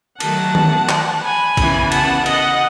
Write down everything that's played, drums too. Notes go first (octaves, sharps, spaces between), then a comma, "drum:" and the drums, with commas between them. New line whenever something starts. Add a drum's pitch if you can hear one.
D#3 F#3 A3 F#5 A5, drum: cymbal
drum: tom D#3
drum: clap
G#5 B5
C#3 E3 B3, drum: kick, cymbal
F#5 A5, drum: cymbal
D#5 F#5, drum: cymbal